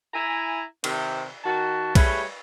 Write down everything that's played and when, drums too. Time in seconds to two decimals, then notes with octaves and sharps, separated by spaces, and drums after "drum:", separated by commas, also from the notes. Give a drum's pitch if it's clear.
0.14 E4 G#5 A#5
0.84 C3 D#3, drum: cymbal
1.44 D#3 F#4 A5
1.95 G3 A3 E4 G#4 B4 C#5, drum: kick, cymbal